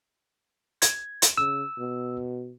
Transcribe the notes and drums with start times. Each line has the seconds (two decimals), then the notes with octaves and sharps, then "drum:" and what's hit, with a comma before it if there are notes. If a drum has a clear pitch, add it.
0.82 G#6, drum: hi-hat
1.22 drum: hi-hat
1.37 C#3 E6
1.79 B2